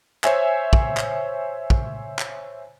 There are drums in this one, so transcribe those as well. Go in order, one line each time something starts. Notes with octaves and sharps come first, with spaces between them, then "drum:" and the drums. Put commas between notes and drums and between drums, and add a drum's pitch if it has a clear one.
C5 C#5 E5 G#5, drum: clap
drum: kick
drum: clap
drum: kick
drum: clap